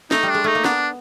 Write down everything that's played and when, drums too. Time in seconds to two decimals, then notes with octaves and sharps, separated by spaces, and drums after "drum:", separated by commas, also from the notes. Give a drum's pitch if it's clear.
0.11 A3 D#4, drum: snare
0.23 G3
0.30 G#3 D4
0.44 A3 D#4
0.55 A#3
0.64 B3 D4, drum: snare